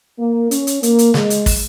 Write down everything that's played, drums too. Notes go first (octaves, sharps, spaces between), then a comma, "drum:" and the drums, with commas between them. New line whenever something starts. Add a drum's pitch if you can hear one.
A#3
C#4, drum: hi-hat
drum: hi-hat
A#3, drum: hi-hat
drum: hi-hat
G#3, drum: snare
drum: hi-hat
drum: kick, open hi-hat